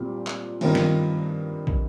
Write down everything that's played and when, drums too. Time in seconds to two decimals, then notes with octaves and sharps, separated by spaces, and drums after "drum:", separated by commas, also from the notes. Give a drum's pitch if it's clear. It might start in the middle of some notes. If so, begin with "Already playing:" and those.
Already playing: A#2 G3 C4 G4
0.27 drum: clap
0.61 G2 D#3 C4 F4 A#4, drum: cymbal
0.75 drum: snare
1.67 drum: kick